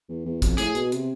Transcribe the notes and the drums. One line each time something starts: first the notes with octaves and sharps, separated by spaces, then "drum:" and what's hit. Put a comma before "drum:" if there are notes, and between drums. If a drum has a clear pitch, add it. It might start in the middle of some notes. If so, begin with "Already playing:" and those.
E2
E2
F2, drum: kick, hi-hat
A2 G#4, drum: hi-hat
B2, drum: hi-hat
C3, drum: hi-hat